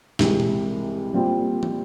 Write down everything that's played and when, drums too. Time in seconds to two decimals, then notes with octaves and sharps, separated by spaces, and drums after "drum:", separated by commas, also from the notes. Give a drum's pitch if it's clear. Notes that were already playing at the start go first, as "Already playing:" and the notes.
0.19 C2 C3 E3 G#3, drum: snare
0.40 drum: tom A#2
1.13 A#2 G3 C4 F4
1.63 drum: tom